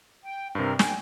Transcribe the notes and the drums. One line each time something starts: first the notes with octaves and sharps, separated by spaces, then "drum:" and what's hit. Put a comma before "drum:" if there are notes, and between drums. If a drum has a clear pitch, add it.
G5
G2 C3 A#4 C5
G5 G#5, drum: snare